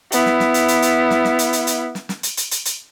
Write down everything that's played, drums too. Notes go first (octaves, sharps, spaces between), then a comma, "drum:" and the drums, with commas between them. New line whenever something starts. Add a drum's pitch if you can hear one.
B3 E4, drum: hi-hat
drum: snare
drum: snare
drum: hi-hat
drum: hi-hat
drum: hi-hat
drum: snare
drum: snare
drum: hi-hat
drum: hi-hat
drum: hi-hat
drum: snare
drum: snare
drum: hi-hat
drum: hi-hat
drum: hi-hat
drum: hi-hat